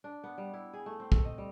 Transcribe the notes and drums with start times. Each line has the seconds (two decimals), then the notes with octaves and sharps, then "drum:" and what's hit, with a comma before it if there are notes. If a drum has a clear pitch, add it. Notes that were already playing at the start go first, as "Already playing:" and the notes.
0.04 D4
0.24 B3
0.38 G3
0.53 E4
0.73 G#4
0.86 A3
1.00 C4
1.12 A4, drum: kick
1.25 D#5
1.38 G3